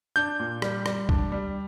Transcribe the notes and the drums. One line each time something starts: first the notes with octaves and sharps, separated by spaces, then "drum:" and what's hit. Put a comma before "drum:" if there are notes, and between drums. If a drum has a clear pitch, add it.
D4 G6
A#2
G3, drum: rim click
G3, drum: rim click
D4, drum: kick
G3